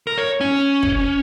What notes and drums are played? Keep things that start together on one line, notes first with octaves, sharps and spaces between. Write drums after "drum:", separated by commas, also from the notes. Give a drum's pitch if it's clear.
A#4
C#5
C#4
drum: kick